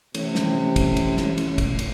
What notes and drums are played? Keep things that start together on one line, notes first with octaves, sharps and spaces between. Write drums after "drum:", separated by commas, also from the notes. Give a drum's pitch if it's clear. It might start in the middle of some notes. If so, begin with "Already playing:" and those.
C3 E3 A3 C#4, drum: cymbal
drum: snare
drum: kick, cymbal
drum: cymbal
drum: snare
drum: cymbal
drum: kick, cymbal
drum: cymbal